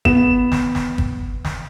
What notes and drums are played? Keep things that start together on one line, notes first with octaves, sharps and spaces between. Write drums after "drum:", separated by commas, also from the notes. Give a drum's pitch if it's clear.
B3 E7, drum: kick
drum: snare
drum: snare
drum: kick
drum: snare